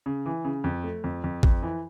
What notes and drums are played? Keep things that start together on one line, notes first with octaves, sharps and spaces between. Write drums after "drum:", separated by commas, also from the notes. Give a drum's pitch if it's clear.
C#3
E3
C#3
F2
A3
F2
F2
F2, drum: kick
E3